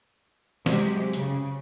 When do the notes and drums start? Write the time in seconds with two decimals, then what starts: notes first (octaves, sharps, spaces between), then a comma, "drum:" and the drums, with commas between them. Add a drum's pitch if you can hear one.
0.66 C3 F#3 G#3 G4, drum: snare
1.13 C#3, drum: hi-hat